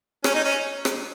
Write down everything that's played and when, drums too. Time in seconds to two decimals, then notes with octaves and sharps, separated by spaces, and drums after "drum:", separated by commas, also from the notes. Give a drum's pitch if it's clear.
0.24 C#4, drum: rim click
0.35 D#4
0.44 C#4
0.85 drum: rim click